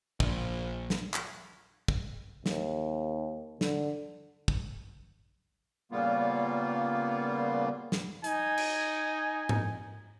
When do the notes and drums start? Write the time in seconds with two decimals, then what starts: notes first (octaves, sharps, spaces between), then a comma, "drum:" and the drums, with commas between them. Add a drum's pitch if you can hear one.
0.20 A#1, drum: kick
0.90 drum: snare
1.14 drum: clap
1.88 drum: kick
2.46 D#2, drum: snare
3.61 D3, drum: snare
4.48 drum: kick
5.92 A#2 C#3 G3 A#3 B3 F4
7.92 drum: snare
8.24 D#4 G#5, drum: hi-hat
8.58 drum: cymbal
9.49 drum: tom G#2